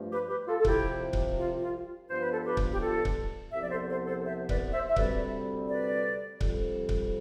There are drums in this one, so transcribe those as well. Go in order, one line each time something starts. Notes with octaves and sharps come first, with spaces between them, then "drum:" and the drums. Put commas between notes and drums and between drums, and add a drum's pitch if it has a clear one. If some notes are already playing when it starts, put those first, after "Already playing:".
Already playing: G2 F3 A3
G4 B4
G4 B4
F4 A4
A4
C2 C3 F3 C4 E4 G4, drum: kick C#1
drum: kick C#1
F4
F4
G2 F3 B3 C5
B4
A4 C5
G4 B4
drum: kick C#1
G4
F4 A4
drum: kick C#1
C2 C3 F3 B3 E5
D5
A4 C5
A4 C5
A4 C5
C5 E5
B4 D5, drum: kick C#1
C5 E5
E5
D2 C3 G3 C4 B4 D5, drum: kick C#1
B4 D5
F2 C3 G3, drum: kick C#1
drum: kick C#1